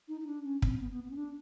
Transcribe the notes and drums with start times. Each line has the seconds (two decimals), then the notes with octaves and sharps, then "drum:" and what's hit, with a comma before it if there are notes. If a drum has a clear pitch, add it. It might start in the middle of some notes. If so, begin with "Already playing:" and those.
0.08 D#4
0.21 D#4
0.27 D4
0.44 C#4
0.62 C4, drum: kick
0.80 B3
0.91 B3
1.04 B3
1.10 C#4
1.16 D4